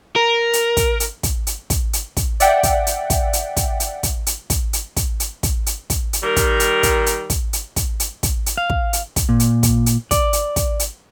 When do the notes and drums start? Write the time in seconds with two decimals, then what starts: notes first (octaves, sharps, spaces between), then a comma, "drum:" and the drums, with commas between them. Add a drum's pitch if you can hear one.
0.16 A#4
0.53 drum: hi-hat
0.77 drum: kick, hi-hat
1.00 drum: hi-hat
1.23 drum: kick, hi-hat
1.47 drum: hi-hat
1.70 drum: kick, hi-hat
1.93 drum: hi-hat
2.17 drum: kick, hi-hat
2.40 D5 E5 F#5 G5, drum: hi-hat
2.63 drum: kick, hi-hat
2.87 drum: hi-hat
3.10 drum: kick, hi-hat
3.33 drum: hi-hat
3.57 drum: kick, hi-hat
3.80 drum: hi-hat
4.03 drum: kick, hi-hat
4.27 drum: hi-hat
4.50 drum: kick, hi-hat
4.73 drum: hi-hat
4.96 drum: kick, hi-hat
5.20 drum: hi-hat
5.43 drum: kick, hi-hat
5.66 drum: hi-hat
5.90 drum: kick, hi-hat
6.13 drum: hi-hat
6.23 D#3 G3 A#4
6.36 drum: kick, hi-hat
6.60 drum: hi-hat
6.83 drum: kick, hi-hat
7.06 drum: hi-hat
7.30 drum: kick, hi-hat
7.53 drum: hi-hat
7.76 drum: kick, hi-hat
8.00 drum: hi-hat
8.23 drum: kick, hi-hat
8.46 drum: hi-hat
8.57 F5
8.70 drum: kick
8.93 drum: hi-hat
9.16 drum: kick, hi-hat
9.29 A#2
9.40 drum: hi-hat
9.63 drum: kick, hi-hat
9.86 drum: hi-hat
10.11 D5, drum: kick, hi-hat
10.33 drum: hi-hat
10.56 drum: kick, hi-hat
10.80 drum: hi-hat